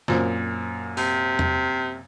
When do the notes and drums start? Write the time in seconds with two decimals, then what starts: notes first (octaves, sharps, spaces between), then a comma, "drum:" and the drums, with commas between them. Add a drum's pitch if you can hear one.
0.08 F#2 A#2 C4, drum: snare C#3
0.97 C3, drum: open hi-hat
1.39 drum: tom E2